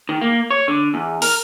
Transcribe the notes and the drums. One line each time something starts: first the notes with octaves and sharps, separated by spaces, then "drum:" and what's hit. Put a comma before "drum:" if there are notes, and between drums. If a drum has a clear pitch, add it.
D#3
A#3
C#5
D3
E2
A#4, drum: open hi-hat